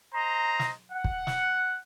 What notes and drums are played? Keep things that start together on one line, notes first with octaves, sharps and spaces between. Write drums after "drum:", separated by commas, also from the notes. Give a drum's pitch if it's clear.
C5 D#5 A#5
drum: snare
F#5
drum: kick
drum: snare